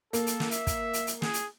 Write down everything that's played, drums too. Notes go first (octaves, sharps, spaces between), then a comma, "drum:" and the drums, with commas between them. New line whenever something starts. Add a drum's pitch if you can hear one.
A#3 A4, drum: hi-hat
drum: hi-hat
drum: snare
E5, drum: hi-hat
drum: kick, hi-hat
drum: hi-hat
drum: hi-hat
G#4, drum: snare
drum: hi-hat